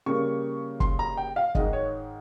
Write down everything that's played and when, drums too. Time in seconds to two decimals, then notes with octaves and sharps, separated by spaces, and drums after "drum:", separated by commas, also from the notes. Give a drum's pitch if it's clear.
0.06 C#3 G3 A#3 C#6
0.80 C6, drum: kick
0.99 A#5
1.17 G5
1.36 F5
1.55 G#2 D#3 G#3 D#5, drum: kick
1.73 C#5